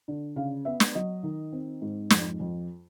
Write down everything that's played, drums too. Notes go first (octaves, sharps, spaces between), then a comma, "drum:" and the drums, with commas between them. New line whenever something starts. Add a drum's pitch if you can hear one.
D3
C#3 F5
B3 E5
drum: snare
F#3 D#5
D#3
C4
G#2
F2, drum: snare
F2